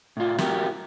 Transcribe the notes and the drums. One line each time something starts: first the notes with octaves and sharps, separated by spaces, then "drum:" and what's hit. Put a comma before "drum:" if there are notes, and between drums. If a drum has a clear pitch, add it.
A2 F4
E4 F#4 G4 A#4, drum: snare